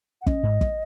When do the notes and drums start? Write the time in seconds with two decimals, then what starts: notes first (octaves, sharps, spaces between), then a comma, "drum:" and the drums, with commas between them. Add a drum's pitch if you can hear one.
0.21 F#5
0.26 C#4 D#5, drum: kick
0.43 G#2
0.61 drum: kick